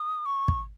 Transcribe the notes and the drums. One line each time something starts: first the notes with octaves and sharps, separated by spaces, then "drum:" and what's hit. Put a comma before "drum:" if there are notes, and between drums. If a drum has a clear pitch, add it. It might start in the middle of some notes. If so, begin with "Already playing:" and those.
Already playing: D#6
C#6
drum: kick